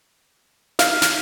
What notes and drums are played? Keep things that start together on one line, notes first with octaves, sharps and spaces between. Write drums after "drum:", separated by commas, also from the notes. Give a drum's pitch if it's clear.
F5, drum: snare
drum: snare